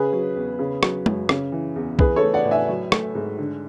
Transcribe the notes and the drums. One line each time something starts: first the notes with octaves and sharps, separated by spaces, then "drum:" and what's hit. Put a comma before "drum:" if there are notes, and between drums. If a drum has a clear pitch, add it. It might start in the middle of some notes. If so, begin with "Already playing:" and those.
Already playing: C#3 G#4 B4
F#3
E2
C#3
F#3, drum: rim click
F#2, drum: tom G#3
C#3, drum: rim click
E3
E2
E3 G#4 B4, drum: kick
A4 C#5
A3
D5 F#5
A2
E5 G#5
F#3
A3, drum: rim click
G#2
D3